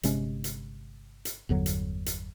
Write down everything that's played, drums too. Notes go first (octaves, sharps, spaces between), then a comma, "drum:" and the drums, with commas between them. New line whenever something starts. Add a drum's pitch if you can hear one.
G1 C3 G#3 C#4, drum: hi-hat
drum: hi-hat
drum: hi-hat
G1 E2 D3 F#3
drum: hi-hat
drum: hi-hat